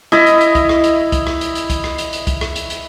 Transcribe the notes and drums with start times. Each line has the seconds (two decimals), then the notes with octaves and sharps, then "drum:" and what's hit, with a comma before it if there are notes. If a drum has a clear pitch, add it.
0.12 E4 D#5, drum: rim click
0.26 drum: hi-hat
0.41 drum: hi-hat
0.55 drum: kick, hi-hat
0.69 drum: rim click
0.84 drum: hi-hat
1.12 drum: kick, hi-hat
1.27 drum: rim click
1.41 drum: hi-hat
1.55 drum: hi-hat
1.70 drum: kick, hi-hat
1.84 drum: rim click
1.98 drum: hi-hat
2.13 drum: hi-hat
2.27 drum: kick, hi-hat
2.41 drum: rim click
2.56 drum: hi-hat
2.70 drum: hi-hat